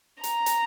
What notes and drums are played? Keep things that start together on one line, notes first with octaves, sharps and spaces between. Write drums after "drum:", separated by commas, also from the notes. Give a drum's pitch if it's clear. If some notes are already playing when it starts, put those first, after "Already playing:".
A#5, drum: hi-hat
drum: hi-hat